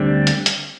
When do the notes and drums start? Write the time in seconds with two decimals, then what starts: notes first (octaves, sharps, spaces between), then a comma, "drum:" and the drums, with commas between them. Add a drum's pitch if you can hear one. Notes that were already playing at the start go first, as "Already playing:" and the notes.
Already playing: D2 D3 G3 C4
0.27 drum: hi-hat
0.46 drum: hi-hat